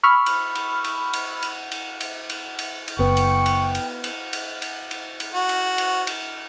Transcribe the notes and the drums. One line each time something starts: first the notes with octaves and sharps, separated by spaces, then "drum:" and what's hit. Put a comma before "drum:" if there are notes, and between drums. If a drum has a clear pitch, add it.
B5 C#6 E6 F6
drum: cymbal
drum: cymbal
drum: cymbal
drum: cymbal
drum: cymbal
drum: cymbal
drum: cymbal
drum: cymbal
drum: cymbal
drum: cymbal
F#1 B3 G5 C#6
drum: cymbal
drum: cymbal
drum: cymbal
drum: cymbal
drum: cymbal
drum: cymbal
drum: cymbal
drum: cymbal
F#4
drum: cymbal
drum: cymbal
drum: cymbal